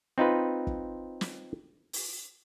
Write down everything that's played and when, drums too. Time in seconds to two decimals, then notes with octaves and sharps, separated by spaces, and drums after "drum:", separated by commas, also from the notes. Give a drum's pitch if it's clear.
0.18 C4 D#4 F4 B4
0.67 drum: kick
1.21 drum: snare
1.93 drum: open hi-hat